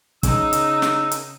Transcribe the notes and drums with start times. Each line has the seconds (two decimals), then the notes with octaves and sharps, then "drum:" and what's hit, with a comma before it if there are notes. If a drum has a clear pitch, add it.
0.23 C#3 D#4 E6, drum: kick, hi-hat
0.53 drum: hi-hat
0.82 drum: snare
1.11 drum: hi-hat